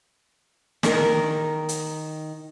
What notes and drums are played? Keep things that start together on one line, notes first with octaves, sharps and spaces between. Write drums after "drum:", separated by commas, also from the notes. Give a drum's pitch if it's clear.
D#3 A#4, drum: snare
drum: hi-hat